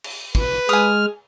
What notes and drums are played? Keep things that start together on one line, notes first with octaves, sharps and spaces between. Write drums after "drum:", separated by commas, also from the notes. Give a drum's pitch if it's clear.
drum: cymbal
B4, drum: kick
G#3 G#5 D#6 F6